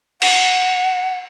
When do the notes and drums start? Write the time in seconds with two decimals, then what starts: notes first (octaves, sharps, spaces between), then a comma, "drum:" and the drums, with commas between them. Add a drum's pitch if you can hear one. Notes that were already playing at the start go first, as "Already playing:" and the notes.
0.22 F#5, drum: cymbal